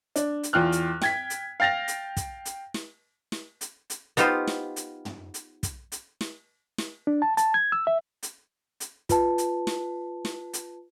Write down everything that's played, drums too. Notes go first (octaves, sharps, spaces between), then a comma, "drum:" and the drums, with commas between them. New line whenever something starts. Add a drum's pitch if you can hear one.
D4, drum: hi-hat
drum: hi-hat
E2 F4 G5 F6 F#6
drum: hi-hat
G5 G#6 B6, drum: snare
drum: hi-hat
F5 G5 A6 A#6 F7
drum: hi-hat
drum: kick, hi-hat
drum: hi-hat
drum: snare
drum: snare
drum: hi-hat
drum: hi-hat
B3 D#4 F4 G4 C5, drum: hi-hat
drum: snare
drum: hi-hat
drum: tom
drum: hi-hat
drum: kick, hi-hat
drum: hi-hat
drum: snare
drum: snare
D4
A5
A5, drum: hi-hat
G#6
E6
E5
drum: hi-hat
drum: hi-hat
F4 B4 A5, drum: kick, hi-hat
drum: hi-hat
drum: snare
drum: snare
drum: hi-hat